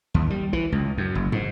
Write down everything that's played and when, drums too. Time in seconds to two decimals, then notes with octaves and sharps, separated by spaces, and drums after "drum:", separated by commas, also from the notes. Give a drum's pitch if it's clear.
0.14 D#2
0.30 G3
0.53 E3, drum: kick
0.72 C#2
0.98 F#2
1.15 F#1
1.32 G#2, drum: tom